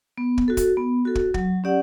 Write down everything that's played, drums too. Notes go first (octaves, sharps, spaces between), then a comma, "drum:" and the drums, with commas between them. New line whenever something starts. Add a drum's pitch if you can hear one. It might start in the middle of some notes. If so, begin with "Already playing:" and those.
B3
drum: kick
F#4 A4
drum: kick, hi-hat
B3
F#4 A4
drum: kick
F#3, drum: kick
C#4 G4 D5 F#5